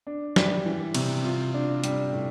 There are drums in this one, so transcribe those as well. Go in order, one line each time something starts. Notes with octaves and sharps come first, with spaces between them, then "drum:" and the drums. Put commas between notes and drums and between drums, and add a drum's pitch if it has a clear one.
D4
G3, drum: snare
E3
C3, drum: cymbal
F4
D4
G3, drum: hi-hat
A2